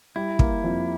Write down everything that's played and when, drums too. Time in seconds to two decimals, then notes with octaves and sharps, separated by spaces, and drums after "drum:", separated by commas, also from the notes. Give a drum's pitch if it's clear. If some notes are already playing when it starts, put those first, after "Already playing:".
0.16 G3 E4
0.39 A#3, drum: kick
0.64 F2